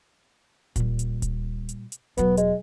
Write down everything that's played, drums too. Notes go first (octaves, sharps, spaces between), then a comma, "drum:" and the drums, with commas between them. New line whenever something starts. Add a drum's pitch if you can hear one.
A#2 G3, drum: kick D1, hi-hat
drum: hi-hat
drum: kick D1, hi-hat
drum: hi-hat
drum: hi-hat
E1 F#3 B3, drum: hi-hat
G#3, drum: hi-hat